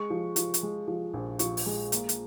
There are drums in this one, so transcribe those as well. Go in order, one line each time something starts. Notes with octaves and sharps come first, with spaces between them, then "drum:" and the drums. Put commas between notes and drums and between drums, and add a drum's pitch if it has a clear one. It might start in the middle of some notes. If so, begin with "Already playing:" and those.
Already playing: G#3 C#6
F3
F3, drum: hi-hat
drum: hi-hat
G#3
F3
A#1
F3 C#6, drum: hi-hat
drum: open hi-hat
G#3
A#3, drum: hi-hat
drum: hi-hat